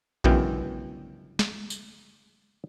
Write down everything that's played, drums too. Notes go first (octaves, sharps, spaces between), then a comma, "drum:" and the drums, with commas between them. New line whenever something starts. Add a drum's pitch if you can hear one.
G1 C#2 F#2 B2 E3 G5, drum: kick A#1
drum: snare
drum: tambourine